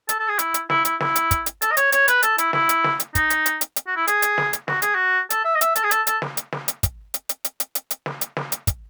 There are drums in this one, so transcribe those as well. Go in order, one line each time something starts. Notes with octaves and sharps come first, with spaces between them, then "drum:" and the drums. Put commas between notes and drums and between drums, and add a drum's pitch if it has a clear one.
A4, drum: hi-hat
A4
G#4
E4, drum: hi-hat
drum: hi-hat
E4, drum: snare
E4, drum: hi-hat
E4, drum: snare
drum: hi-hat
drum: kick, hi-hat
drum: hi-hat
A4, drum: hi-hat
D#5
C#5, drum: hi-hat
C#5, drum: hi-hat
B4, drum: hi-hat
A4, drum: hi-hat
E4, drum: hi-hat
E4, drum: snare
drum: hi-hat
drum: snare
drum: hi-hat
D#4, drum: kick, hi-hat
drum: hi-hat
drum: hi-hat
drum: hi-hat
drum: hi-hat
F#4
E4
G#4, drum: hi-hat
drum: hi-hat
drum: snare
drum: hi-hat
F#4, drum: snare
G#4, drum: hi-hat
F#4
A4, drum: hi-hat
E5
D#5
E5, drum: hi-hat
A4, drum: hi-hat
G#4
A4, drum: hi-hat
A4, drum: hi-hat
drum: snare
drum: hi-hat
drum: snare
drum: hi-hat
drum: kick, hi-hat
drum: hi-hat
drum: hi-hat
drum: hi-hat
drum: hi-hat
drum: hi-hat
drum: hi-hat
drum: snare
drum: hi-hat
drum: snare
drum: hi-hat
drum: kick, hi-hat